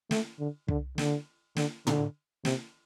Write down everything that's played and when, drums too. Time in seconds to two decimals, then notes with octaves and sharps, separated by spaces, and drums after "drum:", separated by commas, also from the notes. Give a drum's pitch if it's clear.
0.11 A3, drum: snare
0.39 D3
0.68 D3, drum: kick
0.98 D3, drum: snare
1.56 D3, drum: snare
1.87 D3, drum: tom
2.45 C3, drum: snare